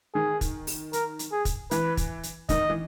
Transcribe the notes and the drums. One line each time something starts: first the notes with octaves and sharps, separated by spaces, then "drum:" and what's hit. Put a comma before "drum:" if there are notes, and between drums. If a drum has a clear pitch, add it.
D#3 G#4
drum: kick, hi-hat
drum: open hi-hat
A#4, drum: hi-hat
drum: hi-hat
G#4
drum: kick, hi-hat
E3 B4, drum: hi-hat
drum: kick, hi-hat
drum: hi-hat
D#3 D#5, drum: kick, hi-hat
E3